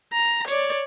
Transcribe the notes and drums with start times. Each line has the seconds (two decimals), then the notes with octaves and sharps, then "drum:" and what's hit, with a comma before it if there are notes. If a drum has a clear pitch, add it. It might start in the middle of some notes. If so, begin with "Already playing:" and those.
0.13 A#5
0.48 C#5 D5, drum: hi-hat